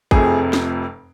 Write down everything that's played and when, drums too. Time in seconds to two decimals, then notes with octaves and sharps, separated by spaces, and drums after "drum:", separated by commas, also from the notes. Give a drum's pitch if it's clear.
0.11 F1 F2 C3 F3 A3 G#4, drum: kick
0.53 drum: snare